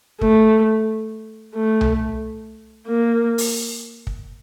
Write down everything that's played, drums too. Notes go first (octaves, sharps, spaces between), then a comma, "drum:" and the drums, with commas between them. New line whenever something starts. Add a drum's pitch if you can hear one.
A3, drum: kick
A3
drum: tom C2
A#3
drum: open hi-hat
drum: kick